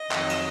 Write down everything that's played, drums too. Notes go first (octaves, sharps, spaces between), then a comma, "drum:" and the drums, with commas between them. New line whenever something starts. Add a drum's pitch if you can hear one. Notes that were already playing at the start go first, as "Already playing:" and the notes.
Already playing: D#5
F2 D#3 F#3, drum: clap
drum: cymbal